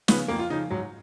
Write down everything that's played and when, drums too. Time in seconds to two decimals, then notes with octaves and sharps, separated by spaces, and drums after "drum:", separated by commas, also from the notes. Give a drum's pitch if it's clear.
0.08 C#3 F3 B3, drum: snare
0.28 F2 A#3
0.39 F4
0.50 C#3 F3 D#4
0.70 G#2 F#3